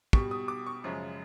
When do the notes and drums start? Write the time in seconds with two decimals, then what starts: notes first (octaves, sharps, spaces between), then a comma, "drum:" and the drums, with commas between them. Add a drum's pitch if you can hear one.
0.13 B2 G3 C#6, drum: kick
0.31 D#6
0.48 D6
0.66 C#6
0.84 F#2 C#3 F3 G#3